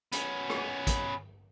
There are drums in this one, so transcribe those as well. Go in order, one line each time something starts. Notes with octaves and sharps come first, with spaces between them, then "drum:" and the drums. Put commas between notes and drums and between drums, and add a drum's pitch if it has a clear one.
B3 C#4, drum: hi-hat
drum: rim click
drum: kick, hi-hat